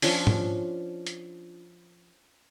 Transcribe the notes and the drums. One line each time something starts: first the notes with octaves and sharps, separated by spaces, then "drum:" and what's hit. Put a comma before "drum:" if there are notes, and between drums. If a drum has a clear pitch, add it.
F3 C#4 D4 F4, drum: open hi-hat
drum: tom G#2
drum: hi-hat